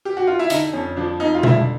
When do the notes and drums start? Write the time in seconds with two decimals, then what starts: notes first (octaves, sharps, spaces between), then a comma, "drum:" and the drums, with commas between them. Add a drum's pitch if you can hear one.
0.05 G4
0.17 F#4
0.27 F4
0.39 E4
0.50 D3 D#4, drum: hi-hat
0.73 F2 C#4
0.97 F3 D4
1.20 F2 D#4
1.35 F4
1.43 D3 E4, drum: tom B2